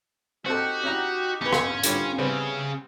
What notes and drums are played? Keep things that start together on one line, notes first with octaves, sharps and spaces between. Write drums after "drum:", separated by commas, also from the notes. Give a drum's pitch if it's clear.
C4 D#4 F#4 G4 A4
C#4 E4 A#5
E2 C#4 B4
drum: rim click
D3 G3 F4 C#5, drum: hi-hat
C#3 G3 B3 C4 C#5 E5